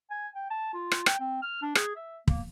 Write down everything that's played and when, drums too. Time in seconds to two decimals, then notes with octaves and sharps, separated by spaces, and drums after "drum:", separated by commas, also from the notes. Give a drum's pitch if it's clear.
0.11 G#5
0.35 G5
0.50 A5
0.74 F4
0.91 drum: rim click
1.06 G5, drum: rim click
1.20 C4
1.42 F6
1.62 D4
1.75 G#4, drum: rim click
1.96 E5
2.28 A#3, drum: kick